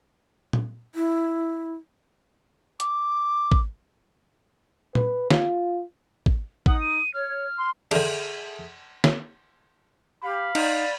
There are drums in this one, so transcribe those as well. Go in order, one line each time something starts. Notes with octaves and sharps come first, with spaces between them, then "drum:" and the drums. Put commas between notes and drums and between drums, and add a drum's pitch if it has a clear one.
drum: tom A#2
E4
D6, drum: hi-hat
drum: kick
B4, drum: tom A#2
F4, drum: snare
drum: kick
D#4 F#5 D#6, drum: kick
D#7
C#5 F6
C6
D3 D4 G#4 A4 E5, drum: cymbal
drum: snare
G4 F5 B5
D#4 D5, drum: cymbal